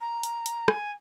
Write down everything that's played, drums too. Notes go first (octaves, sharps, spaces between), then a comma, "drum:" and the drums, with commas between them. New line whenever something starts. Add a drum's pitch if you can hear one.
A#5
drum: hi-hat
drum: hi-hat
G#5, drum: rim click